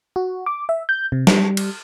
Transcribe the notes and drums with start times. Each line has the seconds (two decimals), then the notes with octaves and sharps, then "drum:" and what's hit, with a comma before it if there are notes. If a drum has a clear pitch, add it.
0.16 F#4
0.46 D6
0.69 E5
0.89 G6
1.12 C3
1.27 G3, drum: snare
1.57 drum: cymbal